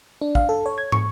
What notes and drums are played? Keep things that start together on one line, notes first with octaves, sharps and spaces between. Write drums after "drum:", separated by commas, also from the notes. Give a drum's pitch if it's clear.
D4
F5, drum: kick
A4
C#5
G#6
C#6, drum: tom